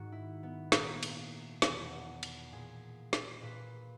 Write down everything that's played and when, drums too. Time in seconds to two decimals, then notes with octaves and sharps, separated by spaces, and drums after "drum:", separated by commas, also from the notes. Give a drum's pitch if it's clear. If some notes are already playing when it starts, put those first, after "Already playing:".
Already playing: G#2 D#3 F#4
0.12 E4
0.43 B3
0.72 A#2 A#3, drum: snare
1.03 drum: cymbal
1.62 E2 B2 B3, drum: snare
2.23 drum: cymbal
2.52 A#2 G#4
3.13 drum: snare
3.42 A#2 B4